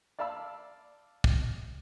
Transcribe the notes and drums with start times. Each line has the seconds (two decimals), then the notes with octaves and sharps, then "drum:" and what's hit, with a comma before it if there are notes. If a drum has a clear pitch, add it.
0.19 D5 F5 A5 B5 E6
1.24 drum: kick